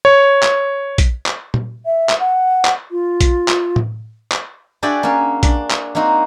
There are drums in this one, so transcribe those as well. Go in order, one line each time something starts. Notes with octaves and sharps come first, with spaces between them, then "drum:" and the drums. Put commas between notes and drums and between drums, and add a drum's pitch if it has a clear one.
C#5
drum: clap
drum: kick A#1, hi-hat
drum: clap
drum: tom A#2
E5
drum: clap
F#5
drum: clap
F4
drum: kick A#1, hi-hat
drum: clap
drum: tom A2
drum: clap
D4 F#4 G#4 D5 E5 G5
A#3 C#4
D4, drum: kick A#1, hi-hat
drum: clap
A#3 C4 D#4 F#4